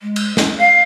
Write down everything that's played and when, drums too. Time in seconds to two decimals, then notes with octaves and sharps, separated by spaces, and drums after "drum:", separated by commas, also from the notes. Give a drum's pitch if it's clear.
0.02 G#3
0.16 drum: cymbal
0.37 C#4, drum: snare
0.58 F5